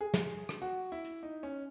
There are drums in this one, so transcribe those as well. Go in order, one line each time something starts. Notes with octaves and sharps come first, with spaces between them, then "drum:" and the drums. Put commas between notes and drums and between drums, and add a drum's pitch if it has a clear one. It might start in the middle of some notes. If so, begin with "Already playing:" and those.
G#4
drum: snare
drum: rim click
F#4
E4
drum: hi-hat
D#4
C#4